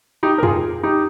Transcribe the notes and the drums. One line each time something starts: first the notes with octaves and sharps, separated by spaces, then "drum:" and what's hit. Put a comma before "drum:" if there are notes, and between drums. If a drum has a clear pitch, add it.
D#4 G4
A#4
F4 G#4, drum: tom E2
D#4 G4